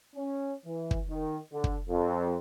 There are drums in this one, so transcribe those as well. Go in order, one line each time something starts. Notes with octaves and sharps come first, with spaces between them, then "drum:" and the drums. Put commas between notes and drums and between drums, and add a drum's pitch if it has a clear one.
C#4
E3
drum: kick
D#3
D3
drum: kick
F2